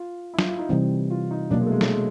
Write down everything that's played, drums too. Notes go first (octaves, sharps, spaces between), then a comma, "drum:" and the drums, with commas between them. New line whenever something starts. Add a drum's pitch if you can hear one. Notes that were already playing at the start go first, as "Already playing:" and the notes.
Already playing: F4
E4
F4, drum: snare
F4
D#4
C3 E3 G3 C4
F4
D#4
B2 F#3 A#3 D4
G#3
A3
G#3
A3, drum: snare
G#3